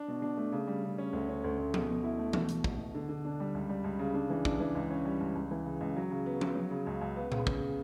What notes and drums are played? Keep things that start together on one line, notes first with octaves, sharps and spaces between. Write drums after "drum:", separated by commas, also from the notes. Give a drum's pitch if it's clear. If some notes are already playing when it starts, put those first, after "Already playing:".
Already playing: D4
B2
D4
A3
C#3
G3
C#3
C#4
D2
C#4
D2
D2
B2, drum: tom F3
B2
E4
A3
B2, drum: tom E3
B2, drum: hi-hat
B2, drum: kick
B2
D3
D3
D4
G3
C#2
G3
C#2
C#3
D4
E3
D4, drum: kick
E3
C#2
C#4
G3
C#2
C#2
E3
C#3
C#2
F#3
C#3
B3
B3, drum: tom F3
F#3
C#3
C#2
C#2
B3
C#3, drum: tom A#2
C#3, drum: kick